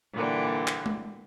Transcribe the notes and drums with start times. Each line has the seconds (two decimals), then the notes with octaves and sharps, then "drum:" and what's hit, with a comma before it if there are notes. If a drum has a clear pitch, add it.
0.13 A#2 D3 E3 G3
0.68 drum: clap
0.86 drum: tom G#3